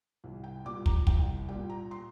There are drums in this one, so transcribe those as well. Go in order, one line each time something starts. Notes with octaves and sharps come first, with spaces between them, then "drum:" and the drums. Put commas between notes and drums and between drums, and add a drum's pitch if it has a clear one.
C2
G5
A#2 G3 D6
A#5, drum: kick
C2 G5, drum: kick
A#2 G3 G5
A#5
C6